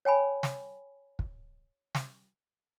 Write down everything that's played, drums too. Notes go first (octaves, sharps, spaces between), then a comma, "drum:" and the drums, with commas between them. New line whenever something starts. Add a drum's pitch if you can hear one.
C#5 G5 G#5 B5
drum: snare
drum: kick
drum: snare